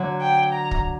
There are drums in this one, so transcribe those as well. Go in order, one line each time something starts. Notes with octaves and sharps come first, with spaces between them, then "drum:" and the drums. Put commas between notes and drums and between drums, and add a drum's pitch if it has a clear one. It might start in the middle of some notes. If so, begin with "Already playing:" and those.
Already playing: D3 F#3
G5
A#5
drum: kick